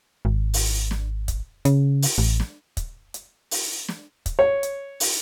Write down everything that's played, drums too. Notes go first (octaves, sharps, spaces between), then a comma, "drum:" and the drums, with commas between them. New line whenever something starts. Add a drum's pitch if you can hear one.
G#1
drum: open hi-hat
drum: snare
drum: kick, hi-hat
C#3, drum: hi-hat
drum: open hi-hat
A1
drum: snare
drum: kick, hi-hat
drum: hi-hat
drum: open hi-hat
drum: snare
drum: kick, hi-hat
C#5
drum: hi-hat
drum: open hi-hat